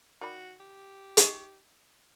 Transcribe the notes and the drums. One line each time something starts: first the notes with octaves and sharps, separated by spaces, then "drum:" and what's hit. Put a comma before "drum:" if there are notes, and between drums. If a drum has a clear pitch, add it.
D#3 F#4 D5 B5
G4
D#4 D#5, drum: hi-hat